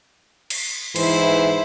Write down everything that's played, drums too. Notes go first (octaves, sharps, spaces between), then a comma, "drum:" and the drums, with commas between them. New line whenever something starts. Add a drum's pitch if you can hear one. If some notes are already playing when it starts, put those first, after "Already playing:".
drum: cymbal
G#2 E3 E4 C5, drum: cymbal